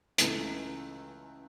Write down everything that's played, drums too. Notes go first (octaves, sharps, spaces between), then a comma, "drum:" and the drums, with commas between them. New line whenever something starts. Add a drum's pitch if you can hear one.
C#2 C#3 E3 A3, drum: hi-hat